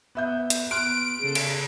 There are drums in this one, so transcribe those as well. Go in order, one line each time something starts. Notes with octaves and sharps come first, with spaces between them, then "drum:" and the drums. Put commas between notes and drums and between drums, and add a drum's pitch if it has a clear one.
B3 E5 G6
drum: hi-hat
B3 C6 F6 F#6 D7
C#3 G#4 A4
drum: cymbal